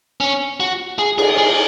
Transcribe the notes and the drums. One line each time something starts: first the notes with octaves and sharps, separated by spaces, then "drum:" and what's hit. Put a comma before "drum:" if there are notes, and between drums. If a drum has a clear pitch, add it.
C#4
F#4
G#4
G#4, drum: cymbal
G#4